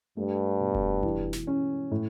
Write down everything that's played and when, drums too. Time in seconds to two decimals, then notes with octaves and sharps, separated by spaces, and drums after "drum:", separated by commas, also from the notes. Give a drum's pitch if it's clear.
0.17 G2 A3
0.60 B2
0.75 drum: kick F1
1.03 E3, drum: kick F1
1.33 drum: snare
1.47 C#4
1.91 A2